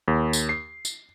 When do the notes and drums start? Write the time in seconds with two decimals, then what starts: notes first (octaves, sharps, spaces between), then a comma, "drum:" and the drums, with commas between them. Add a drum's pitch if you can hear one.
0.08 D#2
0.33 drum: tambourine
0.49 C7
0.85 drum: tambourine